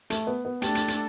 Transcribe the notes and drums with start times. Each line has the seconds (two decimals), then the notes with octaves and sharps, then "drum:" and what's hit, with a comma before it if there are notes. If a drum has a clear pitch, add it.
0.10 A3, drum: hi-hat
0.27 B3
0.45 B3
0.62 A3 D4 G4 A4, drum: hi-hat
0.75 drum: hi-hat
0.88 drum: hi-hat